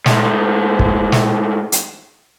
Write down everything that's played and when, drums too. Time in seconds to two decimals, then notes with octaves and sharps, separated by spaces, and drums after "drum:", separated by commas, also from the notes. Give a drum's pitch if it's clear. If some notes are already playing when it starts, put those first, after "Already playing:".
0.06 A2 G#3, drum: snare
0.79 drum: kick
1.12 drum: snare
1.72 drum: hi-hat